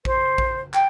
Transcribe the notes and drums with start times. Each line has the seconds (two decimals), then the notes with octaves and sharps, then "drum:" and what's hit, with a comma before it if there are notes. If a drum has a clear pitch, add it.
0.05 C5, drum: kick A#1
0.38 drum: kick A#1
0.74 G5, drum: clap